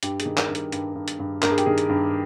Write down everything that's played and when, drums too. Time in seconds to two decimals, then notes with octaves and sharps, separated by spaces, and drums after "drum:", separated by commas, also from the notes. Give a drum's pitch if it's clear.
0.03 G2 G4, drum: hi-hat
0.20 G#4, drum: hi-hat
0.26 D#3
0.37 A#4, drum: clap
0.49 G2
0.55 A#4, drum: hi-hat
0.72 G2, drum: hi-hat
0.95 G2
1.08 drum: hi-hat
1.19 G2
1.42 G2 A#4, drum: clap
1.50 G#4
1.58 G4, drum: hi-hat
1.66 D#3 G#4
1.78 drum: hi-hat
1.89 G2